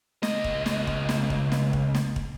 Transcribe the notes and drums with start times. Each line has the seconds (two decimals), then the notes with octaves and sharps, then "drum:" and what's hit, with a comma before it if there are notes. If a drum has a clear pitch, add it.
0.23 C#2 D#5, drum: snare
0.44 drum: kick
0.66 drum: snare
0.87 drum: kick
1.09 drum: snare
1.30 drum: kick
1.52 drum: snare
1.73 drum: kick
1.95 drum: snare
2.16 drum: kick